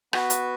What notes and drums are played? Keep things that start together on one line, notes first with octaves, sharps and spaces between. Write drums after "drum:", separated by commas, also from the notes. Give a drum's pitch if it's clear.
B3 F#4 B4, drum: rim click
drum: hi-hat